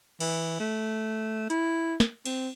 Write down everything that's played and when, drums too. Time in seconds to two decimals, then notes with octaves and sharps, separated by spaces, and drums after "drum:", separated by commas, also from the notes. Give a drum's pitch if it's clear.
0.20 E3, drum: cymbal
0.60 A3
1.50 E4, drum: hi-hat
2.00 drum: snare
2.26 C4, drum: cymbal